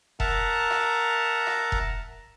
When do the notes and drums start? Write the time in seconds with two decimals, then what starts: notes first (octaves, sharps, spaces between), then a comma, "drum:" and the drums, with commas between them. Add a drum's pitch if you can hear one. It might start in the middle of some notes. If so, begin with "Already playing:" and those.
0.20 A#4 E5 F#5 A5 A#5, drum: kick F1
0.70 drum: rim click
1.47 drum: rim click
1.72 drum: kick F1